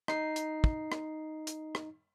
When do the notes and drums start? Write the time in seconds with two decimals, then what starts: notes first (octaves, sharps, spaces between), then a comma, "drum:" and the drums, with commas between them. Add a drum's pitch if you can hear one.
0.08 D#4 C7, drum: rim click
0.36 drum: hi-hat
0.64 drum: kick
0.92 drum: rim click
1.47 drum: hi-hat
1.75 drum: rim click